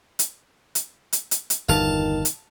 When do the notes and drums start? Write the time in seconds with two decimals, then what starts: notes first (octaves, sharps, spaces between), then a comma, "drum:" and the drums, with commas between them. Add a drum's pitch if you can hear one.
0.19 drum: hi-hat
0.75 drum: hi-hat
1.13 drum: hi-hat
1.31 drum: hi-hat
1.50 drum: hi-hat
1.69 G1 E2 D#3 F5 A5
2.25 drum: hi-hat